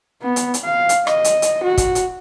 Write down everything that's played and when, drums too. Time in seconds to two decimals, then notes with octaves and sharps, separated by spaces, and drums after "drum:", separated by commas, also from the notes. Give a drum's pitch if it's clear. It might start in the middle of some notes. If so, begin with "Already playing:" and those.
0.22 B3
0.36 drum: hi-hat
0.54 drum: hi-hat
0.65 F5
0.89 drum: hi-hat
1.07 D#5, drum: rim click
1.24 drum: hi-hat
1.42 drum: hi-hat
1.63 F#4
1.77 drum: kick, hi-hat
1.95 drum: hi-hat